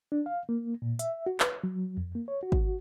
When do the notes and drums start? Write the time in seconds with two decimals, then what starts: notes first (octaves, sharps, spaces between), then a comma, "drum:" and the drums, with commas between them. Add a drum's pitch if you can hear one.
0.12 D4
0.26 F5
0.49 A#3
0.82 A#2
0.99 E5, drum: hi-hat
1.26 F#4
1.40 B4, drum: clap
1.64 F#3
1.97 F2
2.15 A#3
2.28 C#5
2.43 F#4
2.52 drum: kick G#1